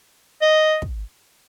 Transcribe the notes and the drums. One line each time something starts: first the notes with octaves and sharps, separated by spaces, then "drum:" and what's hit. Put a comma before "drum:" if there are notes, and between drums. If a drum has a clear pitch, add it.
D#5
drum: kick